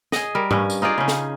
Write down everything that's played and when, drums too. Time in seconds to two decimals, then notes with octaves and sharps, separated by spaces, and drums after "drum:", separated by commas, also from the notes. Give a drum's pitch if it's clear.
0.12 G#4 D#5, drum: snare
0.35 G3 A#4
0.51 G2 C#4, drum: tom G#2
0.70 drum: tambourine
0.82 D#4 F4 G#4 D5
0.98 C#3 C#4
1.08 drum: snare